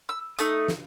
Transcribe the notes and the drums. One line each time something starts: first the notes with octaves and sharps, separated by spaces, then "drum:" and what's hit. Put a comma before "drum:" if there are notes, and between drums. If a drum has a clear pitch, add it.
E6
A3 D#4 D#6, drum: hi-hat
drum: snare